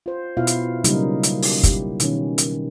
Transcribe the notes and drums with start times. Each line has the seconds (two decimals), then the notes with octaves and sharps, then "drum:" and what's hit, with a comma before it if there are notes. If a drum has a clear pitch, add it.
0.06 F4 C5
0.37 B2 E4 F4 F5
0.47 drum: hi-hat
0.84 C#3 F#3 G3 A#3 D#4, drum: hi-hat
1.23 drum: hi-hat
1.42 drum: open hi-hat
1.63 G4, drum: kick, hi-hat
2.00 B2 D#3 C#4, drum: hi-hat
2.38 drum: hi-hat